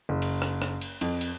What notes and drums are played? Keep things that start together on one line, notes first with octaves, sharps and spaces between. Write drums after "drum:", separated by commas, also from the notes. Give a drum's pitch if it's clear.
F#1
drum: cymbal
drum: rim click
drum: rim click
drum: cymbal
F2, drum: cymbal
drum: cymbal